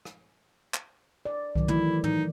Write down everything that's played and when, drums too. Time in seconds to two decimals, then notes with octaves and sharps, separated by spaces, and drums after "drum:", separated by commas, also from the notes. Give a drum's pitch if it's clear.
0.05 drum: rim click
0.74 drum: clap
1.25 D5
1.55 D#3 F#3, drum: kick B1
1.68 E3 A3 E4, drum: tom
2.04 D#4, drum: tom